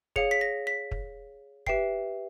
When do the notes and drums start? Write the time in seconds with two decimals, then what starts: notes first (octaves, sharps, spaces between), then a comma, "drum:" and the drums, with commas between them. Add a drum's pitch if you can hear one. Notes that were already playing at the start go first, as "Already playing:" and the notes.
0.16 G#4 C#5 F5 C#7, drum: kick
0.31 B6
0.41 A#6
0.67 B6
0.91 drum: kick
1.67 G4 B4 E5 G5 C7, drum: kick